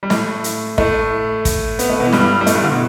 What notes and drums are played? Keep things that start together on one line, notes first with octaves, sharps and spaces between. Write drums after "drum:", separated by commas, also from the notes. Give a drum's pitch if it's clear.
G3
A2 A3, drum: snare
drum: hi-hat
A2 A3, drum: kick
drum: kick, hi-hat
B3, drum: hi-hat
A3
B2 B3
E3
G2 G3, drum: snare
G3
A2 A3, drum: hi-hat
G2 G3
D3
B2